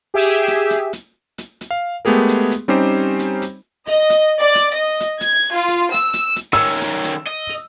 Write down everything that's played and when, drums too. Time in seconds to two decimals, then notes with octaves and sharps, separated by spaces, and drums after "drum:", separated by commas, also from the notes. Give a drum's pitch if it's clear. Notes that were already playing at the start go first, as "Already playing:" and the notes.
0.14 G4 G#4 E5
0.48 drum: hi-hat
0.70 drum: hi-hat
0.93 drum: hi-hat
1.38 drum: hi-hat
1.61 drum: hi-hat
1.71 F5
2.05 G#3 A3 B3 G4 G#4 A#4, drum: open hi-hat
2.29 drum: hi-hat
2.51 drum: hi-hat
2.68 G3 C4 C#4 D#4 G4 C5
3.19 drum: hi-hat
3.42 drum: hi-hat
3.87 D#5, drum: open hi-hat
4.10 drum: hi-hat
4.40 D5
4.55 drum: hi-hat
4.75 D#5
5.00 drum: hi-hat
5.21 G#6, drum: hi-hat
5.54 F4
5.68 drum: open hi-hat
5.94 E6, drum: hi-hat
6.13 drum: hi-hat
6.36 drum: hi-hat
6.53 D#3 C#4 E6
6.81 drum: hi-hat
7.04 drum: hi-hat
7.27 D#5
7.49 drum: open hi-hat